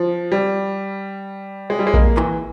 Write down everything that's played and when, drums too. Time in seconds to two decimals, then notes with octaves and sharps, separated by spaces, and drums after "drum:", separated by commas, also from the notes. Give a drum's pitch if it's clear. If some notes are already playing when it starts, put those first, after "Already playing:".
Already playing: F3
0.32 G3
1.70 G#3
1.79 G3
1.87 G#3
1.94 A#3, drum: kick A#1
2.17 E3, drum: clap